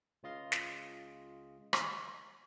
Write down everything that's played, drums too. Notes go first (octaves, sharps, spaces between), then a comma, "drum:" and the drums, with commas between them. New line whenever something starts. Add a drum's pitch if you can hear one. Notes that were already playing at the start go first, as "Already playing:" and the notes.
C#2 C#3 F4 D#5 F5 C6
drum: snare
drum: rim click